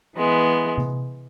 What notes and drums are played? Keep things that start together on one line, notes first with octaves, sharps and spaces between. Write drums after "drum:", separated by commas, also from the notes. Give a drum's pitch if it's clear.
E3 G#3 B3
drum: tom C3